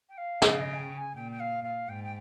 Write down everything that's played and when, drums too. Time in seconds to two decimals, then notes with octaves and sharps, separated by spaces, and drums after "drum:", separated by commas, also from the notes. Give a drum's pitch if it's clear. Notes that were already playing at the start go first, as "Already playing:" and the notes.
0.09 G5
0.17 F5
0.42 C#3 G5, drum: snare
0.53 F5
0.60 D#5
0.73 G#5
0.78 G5
0.97 G#5
1.15 A#2 G5
1.31 G5
1.39 F5
1.64 F5
1.88 G#2 G5
2.04 G5